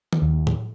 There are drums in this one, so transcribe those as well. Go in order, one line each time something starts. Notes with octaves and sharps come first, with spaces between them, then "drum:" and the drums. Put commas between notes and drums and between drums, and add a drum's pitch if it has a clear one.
drum: tom D#3
D#2
drum: tom A2